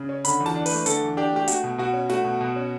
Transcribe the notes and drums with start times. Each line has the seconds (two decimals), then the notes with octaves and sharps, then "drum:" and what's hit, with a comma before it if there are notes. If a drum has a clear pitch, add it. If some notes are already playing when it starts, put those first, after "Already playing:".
Already playing: C#3
0.09 C#4
0.25 D3 B5, drum: hi-hat
0.40 E2
0.46 A5, drum: snare
0.55 D4
0.66 B4, drum: open hi-hat
0.71 A3
0.86 D3 A4, drum: hi-hat
1.02 E2
1.17 D4 G4
1.32 A3 G4
1.48 A3 F#4, drum: hi-hat
1.64 B2
1.78 B2 F#4
1.93 C#4
2.09 A3 F#4, drum: snare
2.24 B2
2.41 B2
2.56 C#4